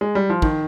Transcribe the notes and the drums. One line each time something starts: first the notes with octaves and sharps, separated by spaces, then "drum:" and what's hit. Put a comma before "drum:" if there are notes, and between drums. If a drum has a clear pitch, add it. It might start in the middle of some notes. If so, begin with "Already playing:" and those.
G#3
G3
F3
D#3, drum: kick